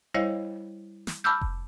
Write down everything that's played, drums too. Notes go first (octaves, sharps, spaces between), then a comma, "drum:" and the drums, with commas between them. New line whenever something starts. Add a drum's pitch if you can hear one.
G3 E4 C5 C#5 D#5 F5
drum: snare
A5 B5 D6 E6 F6 G6
drum: kick F1